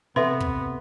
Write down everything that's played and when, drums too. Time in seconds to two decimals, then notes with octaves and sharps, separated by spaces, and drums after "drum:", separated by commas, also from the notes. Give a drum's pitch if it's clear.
0.16 C3 B3 A4 B4 E5 C6
0.40 drum: kick